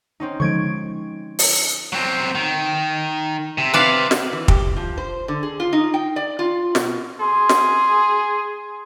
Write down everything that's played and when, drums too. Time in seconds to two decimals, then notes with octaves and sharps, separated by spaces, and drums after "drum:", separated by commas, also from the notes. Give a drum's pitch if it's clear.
0.20 C4 C#4 D#4
0.40 D3 F3 G#3 C#6 G#6 D7
1.39 drum: open hi-hat
1.93 F#3 C4
2.35 D#3
3.58 C3
3.74 C3 B4 D5 F5
4.11 drum: snare
4.33 E3
4.48 G4, drum: kick
4.77 F3
4.98 C5
5.28 D3
5.43 G#4
5.60 F4
5.73 D#4
5.94 G5
6.16 D5
6.39 F4
6.75 B2, drum: snare
7.20 G#4 C6
7.49 drum: snare